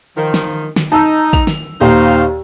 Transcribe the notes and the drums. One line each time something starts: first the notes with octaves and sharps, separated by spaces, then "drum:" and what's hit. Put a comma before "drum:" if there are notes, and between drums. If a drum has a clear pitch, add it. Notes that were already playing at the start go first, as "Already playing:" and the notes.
D#3 F3
drum: snare
drum: snare
D#4 A5 E6
F7, drum: kick
drum: snare
D#2 A#2 D#4 C5 F5